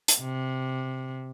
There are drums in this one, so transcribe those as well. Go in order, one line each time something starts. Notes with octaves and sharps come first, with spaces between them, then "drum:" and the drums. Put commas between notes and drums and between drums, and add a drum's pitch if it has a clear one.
drum: hi-hat
C3